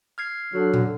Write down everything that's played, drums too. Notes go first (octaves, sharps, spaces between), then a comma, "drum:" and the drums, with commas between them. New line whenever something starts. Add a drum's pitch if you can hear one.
F6 G#6 C7
D3 F#3
drum: tom A#2